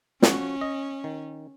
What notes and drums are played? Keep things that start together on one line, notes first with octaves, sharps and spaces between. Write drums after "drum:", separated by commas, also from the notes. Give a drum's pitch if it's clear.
F3 C#4 F#4, drum: snare
D#5
D#3